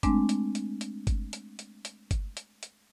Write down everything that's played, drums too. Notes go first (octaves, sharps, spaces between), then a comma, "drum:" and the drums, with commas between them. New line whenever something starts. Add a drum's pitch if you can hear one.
G#3 A3 C4 D4, drum: kick G1, hi-hat
drum: hi-hat
drum: hi-hat
drum: hi-hat
drum: kick G1, hi-hat
drum: hi-hat
drum: hi-hat
drum: hi-hat
drum: kick G1, hi-hat
drum: hi-hat
drum: hi-hat